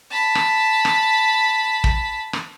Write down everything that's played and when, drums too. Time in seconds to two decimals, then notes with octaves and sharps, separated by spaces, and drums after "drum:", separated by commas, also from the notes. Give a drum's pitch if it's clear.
0.11 A5 B5
0.35 drum: rim click
0.85 drum: rim click
1.84 drum: kick
2.33 drum: rim click